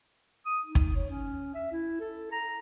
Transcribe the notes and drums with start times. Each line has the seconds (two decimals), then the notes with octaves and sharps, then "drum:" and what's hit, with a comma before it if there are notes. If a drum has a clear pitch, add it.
0.46 D#6
0.66 D#4
0.75 drum: kick
0.96 C#5
1.09 C#4
1.54 E5
1.72 E4
2.00 A4
2.32 A#5